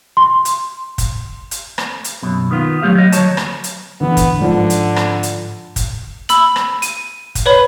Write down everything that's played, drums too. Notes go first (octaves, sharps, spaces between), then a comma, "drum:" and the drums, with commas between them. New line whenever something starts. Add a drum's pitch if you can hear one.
C6
drum: hi-hat
drum: kick, hi-hat
drum: hi-hat
drum: rim click
drum: hi-hat
F#2 B2
D#3 B3 F4
F#3 A3 G4 F5
F#3 D#5
D2 F#3 C#5 A5, drum: hi-hat
drum: rim click
drum: hi-hat
D3 E3 B3
drum: kick, hi-hat
G#2 D3 F3
drum: hi-hat
drum: rim click
drum: hi-hat
drum: kick, hi-hat
B5 E6 F#7, drum: hi-hat
drum: rim click
D#7, drum: hi-hat
drum: kick, hi-hat
B4 C#5 B5